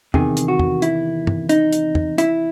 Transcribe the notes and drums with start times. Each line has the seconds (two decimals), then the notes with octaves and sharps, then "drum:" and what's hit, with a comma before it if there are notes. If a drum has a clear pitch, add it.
0.14 E2 C3 D#3 G#4, drum: tom
0.37 drum: hi-hat
0.48 F#4
0.59 drum: tom
0.82 E4, drum: hi-hat
1.27 drum: tom
1.49 D#4, drum: hi-hat
1.73 drum: hi-hat
1.95 drum: tom
2.18 E4, drum: hi-hat